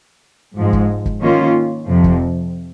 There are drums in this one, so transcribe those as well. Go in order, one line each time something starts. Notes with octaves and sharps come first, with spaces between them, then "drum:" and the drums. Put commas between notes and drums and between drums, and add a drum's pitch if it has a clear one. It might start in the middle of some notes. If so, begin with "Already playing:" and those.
G#2 F3 G#3
drum: kick
drum: kick
D#3 A#3 C#4 F4
F2 C3 F3
drum: kick